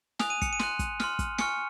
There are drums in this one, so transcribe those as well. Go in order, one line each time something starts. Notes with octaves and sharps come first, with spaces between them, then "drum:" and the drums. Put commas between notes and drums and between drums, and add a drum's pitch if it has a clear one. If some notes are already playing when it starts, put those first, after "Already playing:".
G#5 D#6 F#6 F7, drum: snare
D#7
C#7, drum: kick, hi-hat
D#7
C6 F#6, drum: snare
drum: kick, hi-hat
C6 F6, drum: snare
drum: kick, hi-hat
G#5 C#6 F6 C#7, drum: snare